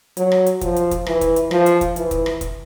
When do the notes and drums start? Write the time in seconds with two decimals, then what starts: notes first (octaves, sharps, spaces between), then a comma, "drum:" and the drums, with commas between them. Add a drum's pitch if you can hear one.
0.17 F#3, drum: hi-hat
0.32 drum: rim click
0.46 drum: hi-hat
0.61 F3, drum: kick, hi-hat
0.76 drum: hi-hat
0.91 drum: kick, hi-hat
1.06 E3, drum: rim click
1.21 drum: kick, hi-hat
1.36 drum: hi-hat
1.51 F3, drum: rim click
1.66 drum: hi-hat
1.81 drum: kick, hi-hat
1.96 E3, drum: hi-hat
2.11 drum: kick, hi-hat
2.26 drum: rim click
2.41 drum: kick, hi-hat